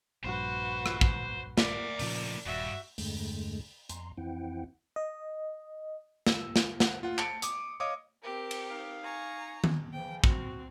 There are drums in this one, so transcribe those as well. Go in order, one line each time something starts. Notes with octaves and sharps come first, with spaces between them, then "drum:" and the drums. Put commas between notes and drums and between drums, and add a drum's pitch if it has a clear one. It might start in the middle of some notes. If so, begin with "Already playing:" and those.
A#1 G2 F#4 B4 C5
drum: rim click
C5, drum: kick
A#4 D5 E5 F#5, drum: snare
A#2 C#3 F3 A3 D#4, drum: open hi-hat
D#1 G2 F#4 E5
E2 G2 D3 G#3 A3, drum: open hi-hat
F2 A#5 C6, drum: hi-hat
F2 E3 C4 E4 F#5 G5
D#5
E6, drum: snare
drum: snare
F#5, drum: snare
F4 F#5
A5 C#7 D7, drum: clap
D6 D#6, drum: hi-hat
C#5 D#5 F5 D6 D#6
C4 G4 A#4
drum: cymbal
D#4 F5
G#5 A#5 C#6
drum: tom D#3
C#3 E3 F3 G5
C4 F#4, drum: kick